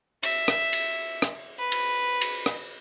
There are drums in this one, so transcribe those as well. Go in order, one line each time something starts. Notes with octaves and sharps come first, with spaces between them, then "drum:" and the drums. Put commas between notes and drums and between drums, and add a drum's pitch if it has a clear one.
E5, drum: cymbal
drum: rim click
drum: cymbal
drum: rim click
B4
drum: cymbal
drum: cymbal
drum: rim click